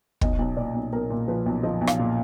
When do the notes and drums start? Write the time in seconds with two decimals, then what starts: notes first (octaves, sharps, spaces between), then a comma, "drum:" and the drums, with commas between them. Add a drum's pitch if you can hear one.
0.21 B1 D#5, drum: kick
0.39 B1
0.57 A#2 D5
0.74 B1
0.92 B1 A#4
1.10 A#2
1.28 F3 B4
1.46 B1
1.63 F3 D#5
1.81 B1
1.87 F5, drum: rim click
1.99 A#2